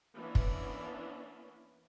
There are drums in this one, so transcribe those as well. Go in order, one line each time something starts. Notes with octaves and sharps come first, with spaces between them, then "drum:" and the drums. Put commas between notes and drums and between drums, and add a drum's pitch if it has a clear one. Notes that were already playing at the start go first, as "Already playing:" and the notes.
E3 A#3 B3 C#4 D4
drum: kick